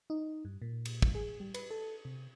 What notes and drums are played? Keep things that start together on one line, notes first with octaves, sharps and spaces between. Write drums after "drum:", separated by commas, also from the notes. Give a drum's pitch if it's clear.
D#4
G2
A#2
drum: cymbal
drum: kick
G#4
G3
B4, drum: cymbal
A4
C3